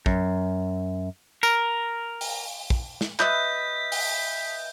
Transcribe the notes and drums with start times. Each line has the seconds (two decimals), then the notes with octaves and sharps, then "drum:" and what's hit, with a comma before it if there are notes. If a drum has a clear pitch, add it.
0.06 F#2, drum: kick
1.43 A#4, drum: tambourine
2.21 drum: open hi-hat
2.70 drum: kick
3.01 drum: snare
3.20 B4 D#5 E5 G6 B6, drum: clap
3.92 drum: open hi-hat